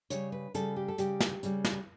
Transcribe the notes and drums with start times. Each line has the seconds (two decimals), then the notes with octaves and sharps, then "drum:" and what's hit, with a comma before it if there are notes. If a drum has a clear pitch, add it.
0.10 C#3 G3 C#5, drum: hi-hat
0.32 B4
0.54 C#3 G3 A4, drum: hi-hat
0.76 G4
0.88 A4
0.98 C#3 G3 G4, drum: hi-hat
1.20 drum: snare
1.43 C#3 G3, drum: hi-hat
1.64 drum: snare